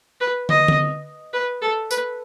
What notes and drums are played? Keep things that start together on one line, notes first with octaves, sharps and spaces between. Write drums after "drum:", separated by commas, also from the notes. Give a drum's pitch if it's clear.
B4
D#5, drum: tom
drum: tom D3
B4
A4
B4, drum: tambourine